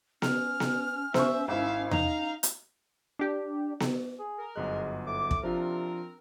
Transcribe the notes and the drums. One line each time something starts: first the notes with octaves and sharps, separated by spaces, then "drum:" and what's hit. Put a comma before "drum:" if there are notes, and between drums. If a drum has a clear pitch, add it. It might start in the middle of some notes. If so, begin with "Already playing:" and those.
C#4 F6, drum: snare B3
drum: snare B3
C5 E5 C#6, drum: snare B3
G#1 E4 E5 F5
D#4 F5 A#5, drum: tom E2
drum: hi-hat
D4 G4
drum: snare B3
G#4
A#4
G1 F#2 G#3 F#6
A2 D6
drum: kick
C3 F3 C4 D4 F4 A#4